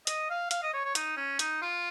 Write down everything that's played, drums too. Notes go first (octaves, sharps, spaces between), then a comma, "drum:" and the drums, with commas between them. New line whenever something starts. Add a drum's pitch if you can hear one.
D#5, drum: hi-hat
F5
F5, drum: hi-hat
D#5
C#5
C#5
D#4, drum: hi-hat
C#4
D#4, drum: hi-hat
F4